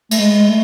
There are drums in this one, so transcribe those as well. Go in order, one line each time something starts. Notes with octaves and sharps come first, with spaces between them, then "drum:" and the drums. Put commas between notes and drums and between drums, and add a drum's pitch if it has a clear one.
A3, drum: cymbal
G#3
A3